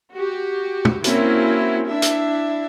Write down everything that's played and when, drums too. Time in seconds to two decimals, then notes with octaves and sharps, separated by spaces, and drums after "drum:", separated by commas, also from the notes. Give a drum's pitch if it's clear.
0.13 F#4 G4
0.85 drum: tom
1.04 A#3 C4 C#4 E4 F#4, drum: hi-hat
1.88 D4 E4 E5
2.02 drum: hi-hat